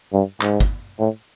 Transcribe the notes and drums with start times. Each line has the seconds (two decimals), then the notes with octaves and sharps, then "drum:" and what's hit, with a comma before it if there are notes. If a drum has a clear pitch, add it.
0.13 G2
0.41 G#2, drum: clap
0.60 drum: kick
0.99 A2